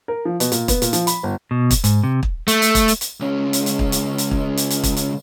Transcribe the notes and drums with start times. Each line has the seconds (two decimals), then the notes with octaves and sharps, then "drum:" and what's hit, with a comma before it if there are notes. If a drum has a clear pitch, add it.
0.08 A#4
0.25 F3
0.40 B2, drum: hi-hat
0.52 A#2, drum: hi-hat
0.68 B3, drum: kick, hi-hat
0.82 A#2, drum: hi-hat
0.93 F3, drum: hi-hat
1.07 B5, drum: hi-hat
1.23 G1
1.51 B2
1.71 drum: kick, hi-hat
1.84 G#2, drum: hi-hat
2.04 C3
2.23 drum: kick
2.48 A3, drum: hi-hat
2.62 drum: hi-hat
2.75 drum: kick, hi-hat
2.88 drum: hi-hat
3.01 drum: hi-hat
3.20 C#2 C#4
3.53 drum: hi-hat
3.66 drum: hi-hat
3.79 drum: kick
3.92 drum: hi-hat
4.18 drum: hi-hat
4.31 drum: kick
4.57 drum: hi-hat
4.70 drum: hi-hat
4.83 drum: kick, hi-hat
4.97 drum: hi-hat